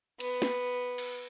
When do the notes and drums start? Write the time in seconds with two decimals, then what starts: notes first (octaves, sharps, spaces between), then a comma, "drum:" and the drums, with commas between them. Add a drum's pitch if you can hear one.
0.20 B3, drum: cymbal
0.42 drum: snare
0.98 drum: cymbal